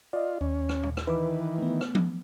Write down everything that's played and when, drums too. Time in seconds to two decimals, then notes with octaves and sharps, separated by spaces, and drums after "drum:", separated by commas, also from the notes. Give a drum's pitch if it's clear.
0.13 F4 D5 D#5
0.41 D#2 C#4
0.69 drum: rim click
0.83 drum: tom
0.97 drum: rim click
1.07 D#3 E3 B4 B5 D6
1.58 A3 B3
1.81 drum: rim click
1.95 drum: tom F3